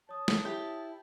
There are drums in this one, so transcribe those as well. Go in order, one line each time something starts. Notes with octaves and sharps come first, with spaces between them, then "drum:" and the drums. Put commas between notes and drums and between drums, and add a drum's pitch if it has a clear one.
C#5 A5 D#6
drum: snare
E4 G4